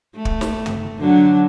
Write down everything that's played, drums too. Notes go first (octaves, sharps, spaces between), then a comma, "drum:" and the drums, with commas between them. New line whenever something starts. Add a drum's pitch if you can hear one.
A3
drum: kick
drum: snare
drum: tom
D3 F#3 D4